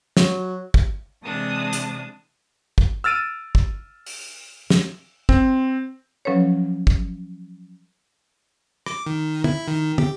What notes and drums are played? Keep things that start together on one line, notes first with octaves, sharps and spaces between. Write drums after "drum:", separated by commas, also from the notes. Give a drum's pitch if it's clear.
F#3, drum: snare
drum: kick
C3 E3 G#3 D4 D#6
drum: hi-hat
drum: kick
E6 F6 A6 D7 D#7
drum: kick
drum: open hi-hat
drum: snare
C4, drum: kick
F3 F#3 C#4 A4 B4 C#5
drum: kick
D6, drum: rim click
D#3
E4, drum: tom
D#3
G4, drum: tom